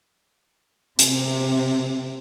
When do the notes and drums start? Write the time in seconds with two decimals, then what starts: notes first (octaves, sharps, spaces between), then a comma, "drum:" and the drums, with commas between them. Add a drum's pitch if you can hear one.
0.99 C3, drum: hi-hat